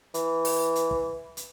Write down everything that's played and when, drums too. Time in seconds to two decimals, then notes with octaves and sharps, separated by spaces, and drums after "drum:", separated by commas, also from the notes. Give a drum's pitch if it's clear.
0.14 E3, drum: hi-hat
0.45 drum: open hi-hat
0.76 drum: hi-hat
0.91 drum: kick
1.37 drum: hi-hat